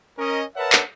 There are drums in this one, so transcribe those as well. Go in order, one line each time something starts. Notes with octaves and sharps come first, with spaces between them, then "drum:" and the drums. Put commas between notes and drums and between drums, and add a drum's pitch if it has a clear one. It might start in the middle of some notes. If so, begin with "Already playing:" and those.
C#4 A#4 D#5
A#4 B4 C#5 E5 F#5 A5
drum: clap